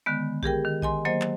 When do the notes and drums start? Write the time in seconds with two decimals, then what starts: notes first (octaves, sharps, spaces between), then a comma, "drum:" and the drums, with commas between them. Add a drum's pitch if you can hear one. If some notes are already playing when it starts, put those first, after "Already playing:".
0.06 D3 D#3 G#3 B3
0.43 G4 G#4 A#4 G5, drum: kick A#1
0.65 D#3
0.82 D#5 G#5 C6, drum: kick A#1
1.05 F#3 A#3 C5 D#5
1.21 drum: clap